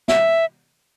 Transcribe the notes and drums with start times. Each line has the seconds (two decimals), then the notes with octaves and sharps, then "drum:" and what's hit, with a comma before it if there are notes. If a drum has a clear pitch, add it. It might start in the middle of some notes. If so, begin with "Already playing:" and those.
0.08 E5, drum: snare